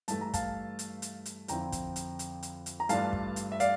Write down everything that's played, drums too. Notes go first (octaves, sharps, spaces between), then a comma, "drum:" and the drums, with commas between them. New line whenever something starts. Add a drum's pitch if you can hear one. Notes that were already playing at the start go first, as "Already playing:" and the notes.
G2 E3 A3 A5, drum: hi-hat
A#5
F5 A5, drum: kick, hi-hat
drum: hi-hat
drum: hi-hat
drum: hi-hat
F2 D3 F3 C4 E4 G5 A#5, drum: hi-hat
drum: kick, hi-hat
drum: hi-hat
drum: hi-hat
drum: hi-hat
drum: hi-hat
A#5
G2 E3 A3 D4 F4 F5 A5, drum: hi-hat
drum: kick
drum: hi-hat
E5
D5 F5, drum: hi-hat